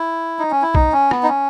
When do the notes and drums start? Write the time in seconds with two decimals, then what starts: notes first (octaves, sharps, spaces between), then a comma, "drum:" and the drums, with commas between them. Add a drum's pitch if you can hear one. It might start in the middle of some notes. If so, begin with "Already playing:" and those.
Already playing: E4
0.39 D#4
0.51 C#4
0.62 E4
0.75 D#4, drum: kick
0.92 C#4
1.11 B3, drum: rim click
1.23 D#4
1.29 C#4